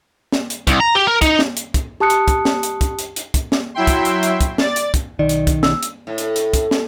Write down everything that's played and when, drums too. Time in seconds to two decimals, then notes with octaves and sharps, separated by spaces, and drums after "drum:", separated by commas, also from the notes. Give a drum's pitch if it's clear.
0.32 drum: snare
0.50 drum: hi-hat
0.67 C2, drum: kick, hi-hat
0.80 A#5
0.95 G4
1.07 A#4
1.22 D#4, drum: kick, hi-hat
1.39 drum: snare
1.57 drum: hi-hat
1.74 drum: kick, hi-hat
2.00 G4 A5 D#6 F#6 C#7
2.10 drum: hi-hat
2.28 drum: kick, hi-hat
2.45 drum: snare
2.63 drum: hi-hat
2.81 drum: kick, hi-hat
2.99 drum: hi-hat
3.16 drum: hi-hat
3.34 drum: kick, hi-hat
3.52 drum: snare
3.75 F#3 E4 E5 G5 C6
3.87 drum: kick, hi-hat
4.05 drum: hi-hat
4.23 drum: hi-hat
4.41 drum: kick, hi-hat
4.58 D5 A6, drum: snare
4.76 drum: hi-hat
4.94 drum: kick, hi-hat
5.19 B1 D#3 D5
5.29 drum: hi-hat
5.47 drum: kick, hi-hat
5.63 E6, drum: snare
5.83 drum: hi-hat
6.07 A2
6.18 drum: hi-hat
6.36 drum: hi-hat
6.54 drum: kick, hi-hat
6.71 drum: snare